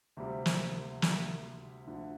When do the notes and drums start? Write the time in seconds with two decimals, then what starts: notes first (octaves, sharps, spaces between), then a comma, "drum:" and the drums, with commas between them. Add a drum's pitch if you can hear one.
0.17 D2 C3 G3 C4 F4
0.46 drum: snare
1.02 drum: snare
1.87 D2 D3 F3